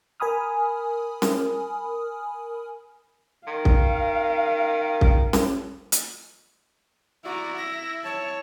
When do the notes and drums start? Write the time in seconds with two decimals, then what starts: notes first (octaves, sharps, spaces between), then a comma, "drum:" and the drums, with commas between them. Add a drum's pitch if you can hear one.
0.20 A#4 G#5 B5 D#6 F6
1.22 drum: snare C#4
3.47 D#3 F5
3.65 drum: kick
5.01 drum: kick
5.33 drum: snare C#4
5.92 drum: hi-hat
7.25 E4 F#4 D5 A#5
7.57 E5 A#6
8.04 C#5 A5